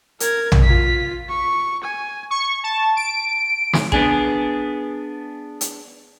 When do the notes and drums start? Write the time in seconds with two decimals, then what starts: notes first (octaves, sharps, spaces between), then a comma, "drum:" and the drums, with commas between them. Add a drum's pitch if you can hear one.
0.20 A#4 G#6, drum: hi-hat
0.52 drum: tom A#1
0.63 F4 B6
1.28 C#6
1.83 G#5
2.31 C#6
2.64 A5
2.97 D7
3.73 drum: snare
3.92 B3 D4 G#4, drum: kick
5.61 drum: hi-hat